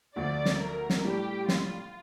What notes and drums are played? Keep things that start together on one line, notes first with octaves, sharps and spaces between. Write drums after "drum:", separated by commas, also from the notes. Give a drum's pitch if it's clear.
D2 D3 F3 D5
drum: snare
A#4
drum: snare
A2 G3 D4 G4
F4, drum: snare